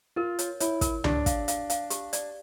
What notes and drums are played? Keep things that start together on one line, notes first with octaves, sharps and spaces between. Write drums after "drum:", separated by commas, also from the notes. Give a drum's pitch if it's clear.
F4 A#4
C#5, drum: hi-hat
E4 C#5, drum: hi-hat
A#4, drum: kick, hi-hat
D4 G4, drum: tom C#2
F5, drum: kick, hi-hat
F5, drum: hi-hat
F5, drum: hi-hat
G4, drum: hi-hat
D5, drum: hi-hat